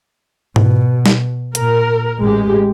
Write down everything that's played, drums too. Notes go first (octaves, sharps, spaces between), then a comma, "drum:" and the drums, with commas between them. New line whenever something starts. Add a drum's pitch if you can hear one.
B2, drum: tom G#2
drum: snare
A#2 A#4, drum: hi-hat
A1 G#3 G4